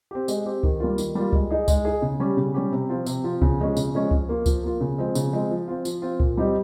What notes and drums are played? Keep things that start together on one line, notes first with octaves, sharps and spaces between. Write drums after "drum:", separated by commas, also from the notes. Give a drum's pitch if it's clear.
C4 G4
G#3, drum: tambourine
C4 G4
D#3, drum: kick C#2
G3 A#3 F4
D#3, drum: tambourine
G3 A#3 F4
G#3, drum: kick C#2
D#4 G#4
G#3, drum: kick C#2, tambourine
D#4 G#4
C#3
G3 C#4 G4
C#3
G3 C#4 G4
C3
F3 C4 F4
C3, drum: tambourine
F3 C4 F4
C#3, drum: kick C#2
F3 G#3 C#4
C#3, drum: tambourine
F3 G#3 C#4
F3, drum: kick C#2
A#3 F4
F3, drum: kick C#2, tambourine
A#3 F4
C#3
F3 G#3 C4
C#3, drum: tambourine
F3 G#3 C4
F3
C4 F4
F3, drum: tambourine
C4 F4
A#2, drum: kick C#2
G3 C4 D#4 G4